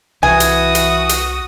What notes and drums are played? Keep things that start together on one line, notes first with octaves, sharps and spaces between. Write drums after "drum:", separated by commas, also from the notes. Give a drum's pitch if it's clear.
C2 E3 F#4 G#5 D#6
drum: hi-hat
drum: hi-hat
drum: hi-hat